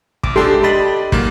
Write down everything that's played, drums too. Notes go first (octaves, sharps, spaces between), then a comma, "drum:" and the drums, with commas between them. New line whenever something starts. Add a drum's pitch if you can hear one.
A#1 D6, drum: kick
G#3 D4 G4 A4 C6
D5 D#5 B5 A6
G#2 F#3 A#3, drum: kick